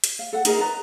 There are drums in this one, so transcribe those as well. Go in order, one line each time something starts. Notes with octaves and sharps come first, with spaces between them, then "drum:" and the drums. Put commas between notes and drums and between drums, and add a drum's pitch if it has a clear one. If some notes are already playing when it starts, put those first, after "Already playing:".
drum: hi-hat
F5
A4 F#5
D#4 G#4 A#4 D#5, drum: hi-hat
B4 D5 A#5